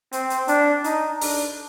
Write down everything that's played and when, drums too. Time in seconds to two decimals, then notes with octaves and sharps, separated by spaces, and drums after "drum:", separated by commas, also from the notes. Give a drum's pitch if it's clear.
0.13 C4, drum: hi-hat
0.30 drum: hi-hat
0.48 D4, drum: hi-hat
0.84 D#4, drum: hi-hat
1.22 D4, drum: open hi-hat